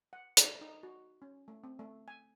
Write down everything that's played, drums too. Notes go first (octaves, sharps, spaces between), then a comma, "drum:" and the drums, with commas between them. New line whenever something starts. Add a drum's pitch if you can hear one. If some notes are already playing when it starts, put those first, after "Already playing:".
F#5
D5, drum: hi-hat
D#4
F#4
C#4
A3
C4
A3
G#5